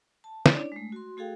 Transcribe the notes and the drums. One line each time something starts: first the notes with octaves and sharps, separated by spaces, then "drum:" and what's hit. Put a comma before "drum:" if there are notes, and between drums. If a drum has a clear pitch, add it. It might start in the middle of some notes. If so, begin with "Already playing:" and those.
A5
C#4 D4 E4 C#5 D5, drum: snare
D4
G#3 A3
F#4 C6
A3 F#4 G#4 A4 F5 G5